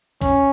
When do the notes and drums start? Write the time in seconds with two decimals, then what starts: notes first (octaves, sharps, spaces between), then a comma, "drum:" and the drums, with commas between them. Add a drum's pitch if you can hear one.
0.22 C#4, drum: kick, hi-hat